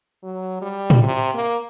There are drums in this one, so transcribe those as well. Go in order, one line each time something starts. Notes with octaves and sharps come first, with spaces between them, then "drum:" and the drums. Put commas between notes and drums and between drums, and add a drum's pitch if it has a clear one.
F#3
G3
drum: tom
C3
A#3